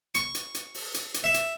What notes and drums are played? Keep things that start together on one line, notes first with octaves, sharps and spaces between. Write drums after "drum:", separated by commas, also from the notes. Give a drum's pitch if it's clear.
C#6, drum: hi-hat
drum: hi-hat
drum: hi-hat
drum: open hi-hat
drum: hi-hat
drum: hi-hat
E5
drum: hi-hat